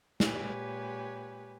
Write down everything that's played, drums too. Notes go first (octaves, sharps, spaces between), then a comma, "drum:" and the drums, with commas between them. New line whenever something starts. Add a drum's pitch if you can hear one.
A#2 G#3 G4 B4 C#5 G#5, drum: snare